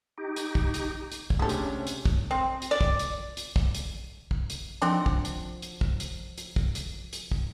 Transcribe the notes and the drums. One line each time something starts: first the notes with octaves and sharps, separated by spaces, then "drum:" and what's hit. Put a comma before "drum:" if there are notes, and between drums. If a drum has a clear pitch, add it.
D#4 G4
drum: hi-hat
drum: kick
drum: hi-hat
drum: hi-hat
drum: kick
D2 C3 G#3 C#4 D4 G4 A4
drum: hi-hat
drum: hi-hat
drum: kick
C4
drum: hi-hat
D5
drum: kick
drum: hi-hat
drum: hi-hat
drum: kick
drum: hi-hat
drum: kick
drum: hi-hat
F3 C4 D4 D#4 F#5
drum: kick
drum: hi-hat
drum: hi-hat
drum: kick
drum: hi-hat
drum: hi-hat
drum: kick
drum: hi-hat
drum: hi-hat
drum: kick